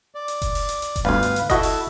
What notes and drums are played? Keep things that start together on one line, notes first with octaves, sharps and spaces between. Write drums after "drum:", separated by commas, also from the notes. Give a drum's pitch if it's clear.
D5
drum: hi-hat
drum: kick F1, hi-hat
drum: open hi-hat
drum: hi-hat
drum: hi-hat
drum: kick F1, hi-hat
G1 D2 B4 F5
drum: hi-hat
drum: hi-hat
E4 F#4 A4 D#5, drum: kick F1, hi-hat
drum: open hi-hat